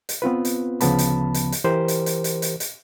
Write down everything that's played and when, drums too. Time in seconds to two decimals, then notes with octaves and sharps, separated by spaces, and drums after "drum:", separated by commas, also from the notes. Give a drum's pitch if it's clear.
0.09 drum: hi-hat
0.22 B3 C4 F4 B4
0.45 drum: hi-hat
0.81 D2 C#3 F3 B3 A5 B5, drum: hi-hat
0.99 drum: hi-hat
1.34 drum: hi-hat
1.52 drum: hi-hat
1.64 E3 G4 A#4 C5
1.88 drum: hi-hat
2.06 drum: hi-hat
2.24 drum: hi-hat
2.42 drum: hi-hat
2.60 drum: hi-hat